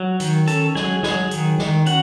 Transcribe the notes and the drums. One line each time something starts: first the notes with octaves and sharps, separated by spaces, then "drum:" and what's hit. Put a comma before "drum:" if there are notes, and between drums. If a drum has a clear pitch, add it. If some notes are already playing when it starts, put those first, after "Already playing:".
Already playing: F#3
D#3, drum: hi-hat
C#4 A4 A5, drum: hi-hat
F#3 G#4 G#5, drum: snare
F#3 G#4 G#5, drum: snare
D#3, drum: hi-hat
D#3, drum: snare
C#4 F#4 F#5, drum: hi-hat